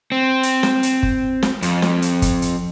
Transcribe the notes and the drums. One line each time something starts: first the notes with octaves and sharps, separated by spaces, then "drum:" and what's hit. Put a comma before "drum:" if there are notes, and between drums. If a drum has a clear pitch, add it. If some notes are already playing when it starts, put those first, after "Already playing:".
C4
drum: hi-hat
drum: snare
drum: hi-hat
drum: kick G1
drum: snare
F2, drum: hi-hat
drum: snare
drum: hi-hat
drum: kick G1, hi-hat
drum: hi-hat